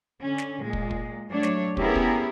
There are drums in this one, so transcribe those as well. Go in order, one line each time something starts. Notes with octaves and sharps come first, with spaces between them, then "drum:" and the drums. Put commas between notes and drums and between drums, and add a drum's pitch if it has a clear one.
D3 C#4
drum: snare
A#2 G#3
drum: kick
drum: kick
F#3 A3 D4 C#5
drum: snare
B3 C#4 E4 G4 G#4 A#4, drum: kick
drum: kick